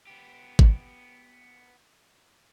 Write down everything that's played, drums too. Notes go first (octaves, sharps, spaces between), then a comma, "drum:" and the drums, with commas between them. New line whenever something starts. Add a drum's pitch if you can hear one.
B3 G4
drum: kick G#1